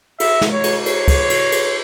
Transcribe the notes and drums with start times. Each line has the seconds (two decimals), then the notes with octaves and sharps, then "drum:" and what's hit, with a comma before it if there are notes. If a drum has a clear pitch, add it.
0.20 E5, drum: cymbal
0.41 drum: snare
0.52 C#5
0.64 drum: cymbal
0.86 C#5, drum: cymbal
1.08 drum: kick, cymbal
1.30 drum: cymbal
1.52 drum: cymbal